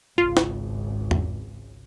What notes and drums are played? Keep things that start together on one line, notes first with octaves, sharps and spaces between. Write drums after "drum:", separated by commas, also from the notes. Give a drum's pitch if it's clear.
G#1 C#2 F4
drum: snare
drum: tom E2